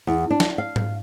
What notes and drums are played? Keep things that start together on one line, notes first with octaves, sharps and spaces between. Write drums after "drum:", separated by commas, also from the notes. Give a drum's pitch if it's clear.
E2
D4
drum: snare
F5
drum: tom G#2